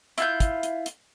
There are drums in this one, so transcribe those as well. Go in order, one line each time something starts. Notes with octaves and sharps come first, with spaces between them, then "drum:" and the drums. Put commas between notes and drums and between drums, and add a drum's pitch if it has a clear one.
E4 F4 G6, drum: hi-hat
drum: kick, hi-hat
drum: hi-hat
drum: hi-hat